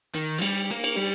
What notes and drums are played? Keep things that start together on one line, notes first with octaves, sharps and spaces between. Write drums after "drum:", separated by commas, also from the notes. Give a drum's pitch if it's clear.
D#3
F3
G3, drum: cymbal
A#3
drum: cymbal
G3